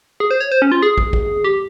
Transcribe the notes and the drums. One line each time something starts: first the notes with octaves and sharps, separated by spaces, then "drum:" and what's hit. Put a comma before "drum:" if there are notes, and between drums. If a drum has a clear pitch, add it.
G#4
C5
C#5
C5
C#4
F4
G#4
drum: kick
drum: kick
G4